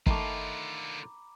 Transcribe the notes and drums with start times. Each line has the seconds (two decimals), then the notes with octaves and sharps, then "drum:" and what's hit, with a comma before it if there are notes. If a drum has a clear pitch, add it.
0.06 D3 D#3 A3 F4 A#5 B5 D6, drum: kick G1